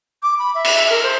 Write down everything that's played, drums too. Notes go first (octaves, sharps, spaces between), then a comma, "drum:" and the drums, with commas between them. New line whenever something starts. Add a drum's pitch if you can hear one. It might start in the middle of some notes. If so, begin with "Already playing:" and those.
D6
B5
E5
drum: cymbal
E5
A#4
C5